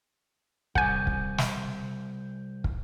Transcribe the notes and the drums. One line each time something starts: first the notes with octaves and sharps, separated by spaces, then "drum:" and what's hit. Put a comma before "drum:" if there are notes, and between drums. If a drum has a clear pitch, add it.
C2 F#5 G#5 G6, drum: kick
drum: kick
drum: snare
drum: kick